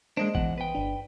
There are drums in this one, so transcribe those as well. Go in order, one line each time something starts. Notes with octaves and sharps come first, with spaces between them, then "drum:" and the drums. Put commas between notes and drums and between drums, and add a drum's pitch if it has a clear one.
G#3 A#3 D4 C5 D#5
E2 F#5, drum: kick
B4 G5
G1 D4